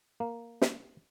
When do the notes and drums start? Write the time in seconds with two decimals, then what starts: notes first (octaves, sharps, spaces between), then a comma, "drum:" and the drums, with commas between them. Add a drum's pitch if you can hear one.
0.20 A#3
0.62 drum: snare